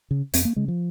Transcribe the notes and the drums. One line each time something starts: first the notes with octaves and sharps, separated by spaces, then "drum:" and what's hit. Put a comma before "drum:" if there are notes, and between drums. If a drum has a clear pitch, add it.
C#3
F2 C4, drum: hi-hat
A#3
C#3 G#3
F3